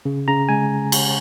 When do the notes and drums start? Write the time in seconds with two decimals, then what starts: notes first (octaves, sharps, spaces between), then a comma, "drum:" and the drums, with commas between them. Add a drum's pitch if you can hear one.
0.05 C#3
0.28 C#3 A#5
0.49 G#3 G#5
0.92 drum: cymbal